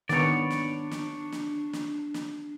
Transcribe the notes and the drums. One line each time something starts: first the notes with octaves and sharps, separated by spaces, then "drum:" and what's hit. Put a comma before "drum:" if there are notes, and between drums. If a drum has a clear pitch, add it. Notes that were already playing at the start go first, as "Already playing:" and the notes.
D#3 B3 D4 C#5 D5, drum: snare
drum: snare
drum: snare
drum: snare
drum: snare
drum: snare